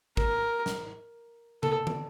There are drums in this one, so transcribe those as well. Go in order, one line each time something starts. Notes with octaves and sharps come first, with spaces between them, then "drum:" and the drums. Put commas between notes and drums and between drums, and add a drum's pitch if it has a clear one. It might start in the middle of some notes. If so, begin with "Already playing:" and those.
A#4, drum: kick
drum: snare
A4, drum: tom C#3
drum: tom